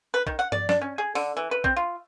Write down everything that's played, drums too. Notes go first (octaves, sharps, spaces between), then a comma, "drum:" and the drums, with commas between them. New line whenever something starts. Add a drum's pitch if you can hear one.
B4
D#3, drum: kick A#1
F#5
D5, drum: tom G2
D4, drum: snare
C#4
G#4
D3, drum: open hi-hat
E3
B4
C4, drum: kick A#1
F4